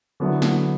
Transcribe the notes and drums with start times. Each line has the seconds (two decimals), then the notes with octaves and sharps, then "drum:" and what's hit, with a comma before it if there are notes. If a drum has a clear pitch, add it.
0.20 D3 F#3 B3 E4
0.42 drum: snare